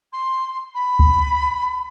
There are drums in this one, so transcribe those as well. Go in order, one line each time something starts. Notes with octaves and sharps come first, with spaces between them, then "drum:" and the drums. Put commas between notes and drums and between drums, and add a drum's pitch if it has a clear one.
C6
B5
drum: kick C#2